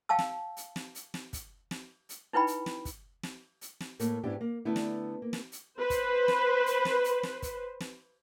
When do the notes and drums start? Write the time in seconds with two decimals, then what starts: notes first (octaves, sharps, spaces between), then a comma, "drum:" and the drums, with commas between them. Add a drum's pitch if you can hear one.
0.09 F5 G5 A5 E6
0.19 drum: snare
0.57 drum: hi-hat
0.76 drum: snare
0.95 drum: hi-hat
1.14 drum: snare
1.33 drum: kick, hi-hat
1.71 drum: snare
2.09 drum: hi-hat
2.33 D#4 E4 B4 G5 B5
2.47 drum: hi-hat
2.66 drum: snare
2.85 drum: kick, hi-hat
3.23 drum: snare
3.61 drum: hi-hat
3.80 drum: snare
4.00 A2 A3 A#3, drum: hi-hat
4.23 G#2 B3 D4 E4 G4
4.41 A#3
4.65 D3 A3 B3 D4 E4
4.76 drum: snare
5.22 A#3
5.33 drum: snare
5.52 drum: hi-hat
5.78 B4 C5
5.90 drum: kick, hi-hat
6.28 drum: snare
6.66 drum: hi-hat
6.85 drum: snare
7.04 drum: hi-hat
7.23 drum: snare
7.42 drum: kick, hi-hat
7.80 drum: snare